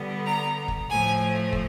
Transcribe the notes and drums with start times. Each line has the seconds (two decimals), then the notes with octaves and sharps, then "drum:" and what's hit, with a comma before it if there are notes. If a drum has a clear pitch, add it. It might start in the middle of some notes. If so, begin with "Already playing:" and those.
Already playing: D3 G3 B3
0.25 A#5
0.68 drum: kick
0.89 A2 F3 A3 G#5
1.53 drum: kick